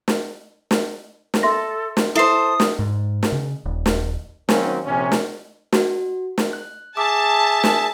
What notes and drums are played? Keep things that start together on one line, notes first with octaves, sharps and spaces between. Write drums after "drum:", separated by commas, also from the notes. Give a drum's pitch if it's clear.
drum: snare
drum: snare
drum: snare
A4 E5 C6 A#6
drum: snare
E4 A4 C5 E5 D#6 C7
drum: snare
G#2
drum: snare
C#3
D#1
drum: snare
D#3 F#3 A#3 C4 C#4, drum: snare
A#1 C3 C#4
drum: snare
F#4, drum: snare
drum: snare
F#6
G#4 E5 A5 D6
drum: snare